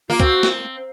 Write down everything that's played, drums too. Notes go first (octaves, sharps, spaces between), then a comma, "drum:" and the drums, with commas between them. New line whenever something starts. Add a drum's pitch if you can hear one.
A#3 F4
C4 F#4, drum: kick
drum: snare